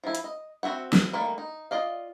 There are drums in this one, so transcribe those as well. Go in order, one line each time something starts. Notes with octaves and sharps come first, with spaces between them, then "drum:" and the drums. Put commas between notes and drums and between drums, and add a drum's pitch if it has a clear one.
F3 E4
drum: hi-hat
D#5
C4 F#4 E5 F#5
drum: snare
D#3 G3 A3 A#3
D#4
F4 D5 D#5 F5